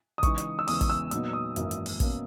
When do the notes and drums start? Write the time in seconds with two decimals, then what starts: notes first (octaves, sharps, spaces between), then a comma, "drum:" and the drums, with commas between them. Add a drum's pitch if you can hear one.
0.18 D#6
0.23 C#3 E3 G#3 D#4 C#6, drum: kick, hi-hat
0.38 drum: hi-hat
0.59 E6
0.68 E2 C#3 E3 G#3 D#6, drum: open hi-hat
0.81 D#6, drum: kick, hi-hat
0.90 E6
1.11 A#2 F#3 B3 D#4 E6, drum: hi-hat
1.33 D#6
1.56 G#1 F#2 E3 A#3, drum: hi-hat
1.71 drum: hi-hat
1.86 drum: open hi-hat
2.00 B2 A#3 C#4, drum: kick, hi-hat